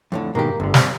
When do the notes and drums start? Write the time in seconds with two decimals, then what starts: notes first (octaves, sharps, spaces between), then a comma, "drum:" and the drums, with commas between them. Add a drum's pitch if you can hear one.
0.12 F2 A2 D3
0.35 G#2 B2 D#3 A#3 G4
0.60 G1 D2 D3
0.74 G3 C4, drum: snare